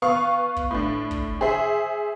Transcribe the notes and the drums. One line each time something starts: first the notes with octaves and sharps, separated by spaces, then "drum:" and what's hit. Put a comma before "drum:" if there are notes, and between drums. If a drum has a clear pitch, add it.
B3 F5 C#6
drum: kick
A2 D4
drum: kick
G#4 C5 E5